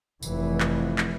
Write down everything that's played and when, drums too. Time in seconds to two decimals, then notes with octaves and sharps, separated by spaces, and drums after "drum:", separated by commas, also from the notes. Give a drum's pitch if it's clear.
0.23 F1 E3, drum: tambourine
0.60 drum: clap
0.98 drum: clap